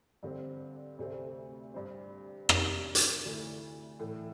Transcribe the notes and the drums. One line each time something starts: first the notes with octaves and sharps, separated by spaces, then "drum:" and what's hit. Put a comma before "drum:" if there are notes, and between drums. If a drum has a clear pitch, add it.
G2 D3 C4
D2 C3 A3 C4
G2 G3 D4 C5
C3 G3 D4, drum: rim click
drum: hi-hat
D2 D3 A3 E4
A2 E3 A3